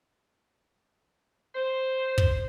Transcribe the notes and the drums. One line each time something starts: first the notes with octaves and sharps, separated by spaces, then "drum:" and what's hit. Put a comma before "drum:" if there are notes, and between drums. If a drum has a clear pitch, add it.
C5
drum: kick